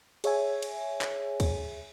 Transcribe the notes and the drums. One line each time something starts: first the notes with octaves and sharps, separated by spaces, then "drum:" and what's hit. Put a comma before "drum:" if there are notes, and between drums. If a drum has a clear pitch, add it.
G#4 C#5 E5 G#5, drum: cymbal
drum: cymbal
drum: clap
drum: kick D2, cymbal